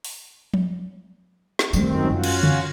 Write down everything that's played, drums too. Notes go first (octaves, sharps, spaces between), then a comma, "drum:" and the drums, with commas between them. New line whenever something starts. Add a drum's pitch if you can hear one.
drum: open hi-hat
drum: tom F3
drum: snare
F#2 D#3 G3 A3 C4, drum: tambourine
F#2 C#4 F4 F#4
drum: cymbal
drum: tom C#3